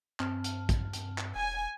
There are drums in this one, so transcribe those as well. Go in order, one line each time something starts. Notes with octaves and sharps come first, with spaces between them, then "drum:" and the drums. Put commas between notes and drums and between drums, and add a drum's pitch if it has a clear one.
G2 C4 A5 F6, drum: clap
drum: hi-hat
drum: kick, hi-hat
drum: hi-hat
drum: clap
E1 G#5